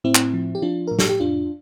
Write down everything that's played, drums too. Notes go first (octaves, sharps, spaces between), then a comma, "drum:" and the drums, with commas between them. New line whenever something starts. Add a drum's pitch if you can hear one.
A2 C4 E4
drum: clap
F3
G4
F3 D4 F4
A2 A#4
A4, drum: snare
G4
F2 D4 F4